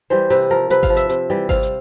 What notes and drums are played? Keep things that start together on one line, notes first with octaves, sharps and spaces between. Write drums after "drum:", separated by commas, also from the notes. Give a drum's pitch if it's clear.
E3 G3 C5
C3 B4, drum: open hi-hat
F3 A#4
C3 B4, drum: hi-hat
F5, drum: kick G#1, open hi-hat
F3
E5, drum: hi-hat
C3, drum: hi-hat
E3 G3
C3 F5, drum: kick G#1, open hi-hat
drum: hi-hat